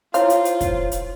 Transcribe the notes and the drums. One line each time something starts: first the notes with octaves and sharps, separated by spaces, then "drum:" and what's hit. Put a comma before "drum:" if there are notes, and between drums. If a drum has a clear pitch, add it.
E4 F4 C5 C#5 F5 C6, drum: hi-hat
drum: hi-hat
drum: hi-hat
drum: kick, hi-hat
drum: hi-hat